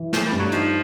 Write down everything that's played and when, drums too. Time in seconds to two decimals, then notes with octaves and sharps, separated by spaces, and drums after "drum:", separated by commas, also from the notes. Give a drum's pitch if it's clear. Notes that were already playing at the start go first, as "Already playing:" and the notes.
Already playing: E3
0.13 F3 A3, drum: snare
0.26 G3
0.32 G2
0.39 F#3
0.52 F3 D#4, drum: hi-hat